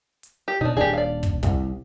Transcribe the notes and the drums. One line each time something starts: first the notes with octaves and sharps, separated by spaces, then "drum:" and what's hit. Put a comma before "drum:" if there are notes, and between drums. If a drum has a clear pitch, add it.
drum: hi-hat
G4
B2 D4 D#4
D#1 D4 G4 G#4
D5 F5
drum: kick, hi-hat
C2, drum: kick, hi-hat